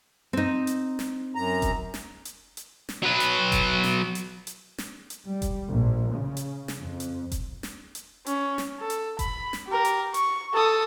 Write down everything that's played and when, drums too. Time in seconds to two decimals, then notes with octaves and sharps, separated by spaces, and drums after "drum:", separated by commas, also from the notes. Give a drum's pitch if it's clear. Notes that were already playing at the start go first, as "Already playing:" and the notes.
0.33 C4 D#4
0.67 drum: hi-hat
0.99 drum: snare
1.35 F#2 A#5
1.62 drum: kick F1, hi-hat
1.94 drum: snare
2.25 drum: hi-hat
2.57 drum: hi-hat
2.89 drum: snare
3.03 F#3 B4
3.20 drum: hi-hat
3.52 drum: kick F1, hi-hat
3.83 drum: snare
4.15 drum: hi-hat
4.47 drum: hi-hat
4.78 drum: snare
5.10 drum: hi-hat
5.26 G3
5.42 drum: kick F1, hi-hat
5.70 A#1
6.13 C#3
6.37 drum: hi-hat
6.68 drum: snare
6.79 F2
7.00 drum: hi-hat
7.32 drum: kick F1, hi-hat
7.63 drum: snare
7.95 drum: hi-hat
8.26 C#4, drum: hi-hat
8.58 drum: snare
8.79 A4
8.90 drum: hi-hat
9.19 B5, drum: kick F1, hi-hat
9.53 drum: snare
9.67 G4 A#4
9.85 drum: hi-hat
10.14 C#6, drum: hi-hat
10.54 A4 D#6